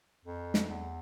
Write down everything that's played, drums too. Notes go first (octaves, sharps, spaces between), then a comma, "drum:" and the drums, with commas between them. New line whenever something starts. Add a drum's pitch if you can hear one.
F2
drum: snare
E2